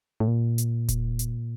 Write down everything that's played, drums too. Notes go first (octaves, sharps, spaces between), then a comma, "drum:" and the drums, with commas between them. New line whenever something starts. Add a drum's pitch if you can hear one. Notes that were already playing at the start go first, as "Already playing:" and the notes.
A2
A#2
drum: hi-hat
drum: kick E1, hi-hat
drum: hi-hat